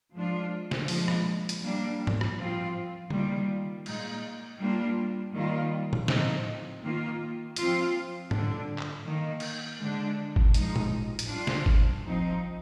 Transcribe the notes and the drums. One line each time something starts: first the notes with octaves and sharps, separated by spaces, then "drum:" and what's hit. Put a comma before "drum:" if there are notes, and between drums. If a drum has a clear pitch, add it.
F3 G#3 D4 F4
drum: snare
A#2 F3 G#3 D4, drum: open hi-hat
drum: rim click
drum: hi-hat
G3 A#3 D4
drum: tom
drum: rim click
F3 C4 F4
D#3 G3 A#3 F4, drum: tom
A#2 G#3 D#4, drum: cymbal
G3 A#3 D4 F4
D#3 G3 A#3 F4
drum: tom A2
F3 C4 D#4, drum: snare
D#3 A#3 F4
F3 C4 F4, drum: hi-hat
D3 G3 D4, drum: tom
drum: clap
D#3 A#3 D#4
drum: cymbal
D3 G#3 D4
drum: kick G1
F3 G#3 D#4, drum: hi-hat
drum: tom A2
drum: hi-hat
G3 D4 F4
drum: snare
drum: kick G1
F3 C4 D#4